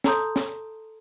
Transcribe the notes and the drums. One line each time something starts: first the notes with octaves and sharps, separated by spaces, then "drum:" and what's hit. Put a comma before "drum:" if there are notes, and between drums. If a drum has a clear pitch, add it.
A4 A5 A#5 C6 D#6 G6, drum: snare
drum: snare